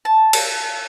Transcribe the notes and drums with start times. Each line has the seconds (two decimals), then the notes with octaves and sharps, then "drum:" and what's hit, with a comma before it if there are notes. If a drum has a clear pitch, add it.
0.05 A5
0.33 drum: cymbal